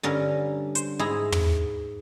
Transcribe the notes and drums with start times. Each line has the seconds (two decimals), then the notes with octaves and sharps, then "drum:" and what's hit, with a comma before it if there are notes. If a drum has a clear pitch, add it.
0.03 G2 D3 C#4 A#4
0.75 C5, drum: hi-hat
0.99 G#2 E4 G#4 A#5
1.32 drum: tom